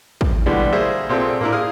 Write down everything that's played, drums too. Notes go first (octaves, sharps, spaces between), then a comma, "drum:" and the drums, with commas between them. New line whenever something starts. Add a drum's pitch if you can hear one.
drum: kick
B2 D3 E3 G3 G#3
A#3 G#4 C5 E5
A#2 C4 G#4 A4
A#3 D4 E4 F4 A#4, drum: tom G#2
G#4 F5 D#6 F6